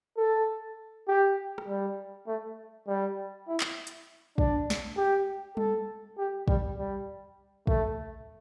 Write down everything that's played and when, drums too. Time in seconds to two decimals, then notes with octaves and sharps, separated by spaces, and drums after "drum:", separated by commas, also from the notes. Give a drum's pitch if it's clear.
0.17 A4
1.08 G4
1.58 drum: rim click
1.68 G3
2.27 A3
2.87 G3
3.48 E4
3.60 drum: clap
3.87 drum: hi-hat
4.38 D4, drum: kick
4.70 drum: snare
4.97 G4
5.57 A4, drum: tom G3
6.18 G4
6.48 G3, drum: kick
6.78 G3
7.67 A3, drum: kick